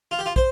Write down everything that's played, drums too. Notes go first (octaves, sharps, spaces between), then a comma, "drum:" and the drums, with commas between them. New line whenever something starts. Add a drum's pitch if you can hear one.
F4
G4
F4
C5, drum: kick